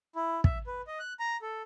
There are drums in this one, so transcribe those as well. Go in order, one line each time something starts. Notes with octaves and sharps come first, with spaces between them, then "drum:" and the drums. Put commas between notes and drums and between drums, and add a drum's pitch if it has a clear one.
E4
E5, drum: kick
B4
D#5
F#6
A#5
A4